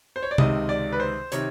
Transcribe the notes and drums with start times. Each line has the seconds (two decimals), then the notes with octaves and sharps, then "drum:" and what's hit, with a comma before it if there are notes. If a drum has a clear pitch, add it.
0.16 C5
0.23 C#5
0.31 D5
0.38 C#2 C3 D#3 D#5, drum: tom
0.69 D5
0.92 B4
1.00 C5
1.32 C3 D#3 C#5, drum: hi-hat